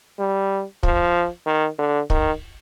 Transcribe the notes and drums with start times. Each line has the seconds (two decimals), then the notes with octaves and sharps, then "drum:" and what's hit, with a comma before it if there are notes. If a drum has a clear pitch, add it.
0.19 G3
0.83 F3, drum: kick
1.46 D#3
1.79 D3
2.10 D#3, drum: kick